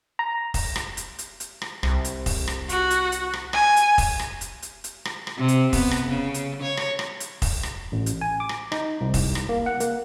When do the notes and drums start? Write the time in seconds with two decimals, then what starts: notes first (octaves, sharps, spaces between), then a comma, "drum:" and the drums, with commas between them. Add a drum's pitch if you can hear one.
0.19 A#5
0.54 drum: kick F1, open hi-hat
0.76 drum: rim click
0.97 drum: hi-hat
1.19 drum: hi-hat
1.40 drum: hi-hat
1.62 drum: rim click
1.83 C2, drum: rim click
2.05 drum: hi-hat
2.26 drum: kick F1, open hi-hat
2.47 drum: rim click
2.69 F#4, drum: hi-hat
2.90 drum: hi-hat
3.12 drum: hi-hat
3.33 drum: rim click
3.53 G#5, drum: rim click
3.76 drum: hi-hat
3.98 drum: kick F1, open hi-hat
4.19 drum: rim click
4.41 drum: hi-hat
4.62 drum: hi-hat
4.84 drum: hi-hat
5.05 drum: rim click
5.27 drum: rim click
5.37 C3
5.48 drum: hi-hat
5.73 B3, drum: kick F1, open hi-hat
5.91 drum: rim click
6.08 C#3
6.34 drum: hi-hat
6.62 C#5
6.77 drum: rim click
6.99 drum: rim click
7.20 drum: hi-hat
7.42 drum: kick F1, open hi-hat
7.63 drum: rim click
7.92 A1
8.06 drum: hi-hat
8.21 G#5
8.40 D6
8.49 drum: rim click
8.72 D#4, drum: rim click
9.01 C2
9.14 drum: kick F1, open hi-hat
9.35 drum: rim click
9.49 A#3
9.66 F#5
9.80 A#3, drum: hi-hat